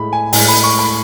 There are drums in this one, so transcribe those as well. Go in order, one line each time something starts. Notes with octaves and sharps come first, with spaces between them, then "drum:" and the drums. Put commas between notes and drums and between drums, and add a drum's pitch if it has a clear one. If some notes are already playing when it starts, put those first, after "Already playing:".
Already playing: A2 G#3 B5
G#5
A2 G#3 G#5, drum: open hi-hat
B5
C#6
B5